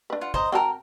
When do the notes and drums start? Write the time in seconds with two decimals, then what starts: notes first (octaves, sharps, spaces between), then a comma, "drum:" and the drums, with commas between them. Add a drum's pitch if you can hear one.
0.10 D4 B4
0.21 F4 F#5
0.34 C5 D#5 A#5, drum: kick
0.52 C4 F#4 A#4 G5 A5